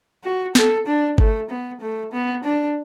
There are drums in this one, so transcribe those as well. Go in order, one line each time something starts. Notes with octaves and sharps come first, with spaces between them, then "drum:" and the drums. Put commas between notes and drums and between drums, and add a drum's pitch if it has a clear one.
F#4
A4, drum: snare
D4
A3, drum: kick G1
B3
A3
B3
D4